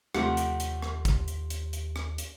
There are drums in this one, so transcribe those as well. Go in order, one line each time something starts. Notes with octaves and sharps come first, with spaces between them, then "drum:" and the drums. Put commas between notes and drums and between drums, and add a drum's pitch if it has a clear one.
D#2 C3 F3 A3 G4 F#5, drum: rim click
drum: hi-hat
drum: hi-hat
drum: rim click
drum: kick, hi-hat
drum: hi-hat
drum: hi-hat
drum: hi-hat
drum: rim click
drum: hi-hat